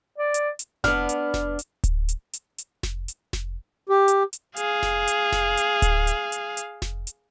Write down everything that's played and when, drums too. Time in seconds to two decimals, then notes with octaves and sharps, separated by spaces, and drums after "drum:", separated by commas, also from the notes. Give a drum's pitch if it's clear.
0.18 D5
0.34 drum: hi-hat
0.59 drum: hi-hat
0.84 B3 D4 F6, drum: snare F1
1.09 drum: hi-hat
1.34 drum: snare F1
1.59 drum: hi-hat
1.84 drum: kick D1, hi-hat
2.09 drum: hi-hat
2.33 drum: hi-hat
2.58 drum: hi-hat
2.83 drum: snare F1
3.08 drum: hi-hat
3.33 drum: snare F1
3.89 G4
4.08 drum: hi-hat
4.33 drum: hi-hat
4.56 G#4 F5, drum: hi-hat
4.83 drum: snare F1
5.08 drum: hi-hat
5.32 drum: snare F1
5.57 drum: hi-hat
5.82 drum: kick D1, hi-hat
6.07 drum: hi-hat
6.32 drum: hi-hat
6.57 drum: hi-hat
6.82 drum: snare F1
7.07 drum: hi-hat